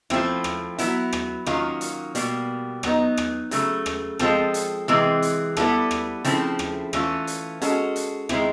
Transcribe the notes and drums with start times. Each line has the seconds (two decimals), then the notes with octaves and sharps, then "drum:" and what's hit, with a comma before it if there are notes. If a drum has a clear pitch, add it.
0.10 F3 A3 C4 E4, drum: rim click
0.44 drum: rim click
0.78 F#3 B3 E4, drum: hi-hat
1.13 drum: rim click
1.46 D#3 F#3 A#3 C#4 F4, drum: rim click
1.81 drum: hi-hat
2.15 B2 G3 A#3, drum: hi-hat
2.83 F#3 B3 D#4, drum: rim click
3.17 drum: rim click
3.51 C#3 F#3 A3, drum: hi-hat
3.86 drum: rim click
4.19 F3 G#3 C4 F4 A4, drum: rim click
4.54 drum: hi-hat
4.88 C3 E3 G#3 C4
5.22 drum: hi-hat
5.57 G3 B3 E4 A4, drum: rim click
5.91 drum: rim click
6.24 C#3 F3 A3 C4 E4, drum: hi-hat
6.59 drum: rim click
6.93 E3 A3 C#4 F4, drum: rim click
7.27 drum: hi-hat
7.62 G#3 C#4 F#4 A4, drum: hi-hat
7.96 drum: hi-hat
8.29 D#3 G#3 C4 E4, drum: rim click